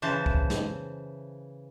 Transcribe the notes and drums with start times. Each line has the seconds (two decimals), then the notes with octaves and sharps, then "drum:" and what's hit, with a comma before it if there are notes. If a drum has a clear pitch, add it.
0.02 C#3 E3 C5 A5
0.26 drum: kick
0.50 drum: snare